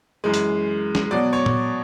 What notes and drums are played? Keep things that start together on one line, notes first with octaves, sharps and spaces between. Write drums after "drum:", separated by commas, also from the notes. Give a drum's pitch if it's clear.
F#2 E3 G#3
drum: hi-hat
drum: snare
B2 F#3 D5
C#5
drum: tom A#2